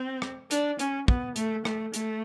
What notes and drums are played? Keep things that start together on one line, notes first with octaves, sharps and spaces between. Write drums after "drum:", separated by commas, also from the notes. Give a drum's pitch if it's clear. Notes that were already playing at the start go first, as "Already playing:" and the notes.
Already playing: C4
drum: rim click
D4, drum: hi-hat
C#4, drum: hi-hat
B3, drum: kick
A3, drum: hi-hat
A3, drum: rim click
A3, drum: hi-hat